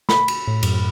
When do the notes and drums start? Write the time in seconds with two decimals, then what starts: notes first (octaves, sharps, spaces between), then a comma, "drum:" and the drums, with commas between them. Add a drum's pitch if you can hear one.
0.09 B5, drum: snare
0.28 drum: cymbal
0.47 A2
0.63 F#2, drum: cymbal